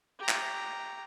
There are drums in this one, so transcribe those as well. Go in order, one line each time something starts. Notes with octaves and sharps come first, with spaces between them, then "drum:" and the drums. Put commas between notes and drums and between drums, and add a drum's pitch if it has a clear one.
G4 A#5
drum: clap